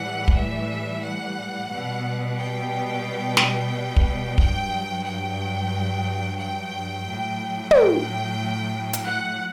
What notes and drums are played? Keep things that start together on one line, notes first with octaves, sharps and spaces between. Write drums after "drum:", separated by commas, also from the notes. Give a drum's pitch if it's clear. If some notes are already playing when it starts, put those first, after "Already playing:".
Already playing: A2 E3 G3 F#5
drum: kick
E5
F#5
B2 G3
G5
drum: snare
drum: kick
G2 F#3 G5, drum: kick
G5
G5
A2 F#3
G5, drum: tom
drum: hi-hat
F#5